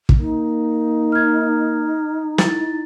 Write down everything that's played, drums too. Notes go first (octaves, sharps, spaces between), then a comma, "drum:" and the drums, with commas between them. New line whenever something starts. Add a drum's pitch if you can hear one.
drum: kick
A#3 D#4
F6 G#6
E4 A6, drum: snare